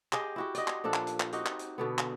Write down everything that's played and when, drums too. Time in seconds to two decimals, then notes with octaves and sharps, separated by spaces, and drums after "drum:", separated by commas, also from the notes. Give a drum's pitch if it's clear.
0.13 G4 G#4 D#5 G5, drum: clap
0.36 E4 F#4 G4
0.55 D5 D#5, drum: hi-hat
0.68 drum: clap
0.84 A#2 F3 D4 A4
0.94 drum: clap
1.07 drum: hi-hat
1.20 drum: clap
1.32 C4 D#4 F#4 G4, drum: hi-hat
1.46 drum: clap
1.59 drum: hi-hat
1.78 B2 D3 B3
1.98 drum: clap